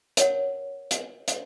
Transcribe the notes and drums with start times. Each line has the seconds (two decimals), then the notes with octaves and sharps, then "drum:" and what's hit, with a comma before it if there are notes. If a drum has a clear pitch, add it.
0.17 A#4 C#5 F#5, drum: hi-hat
0.91 drum: hi-hat
1.28 drum: hi-hat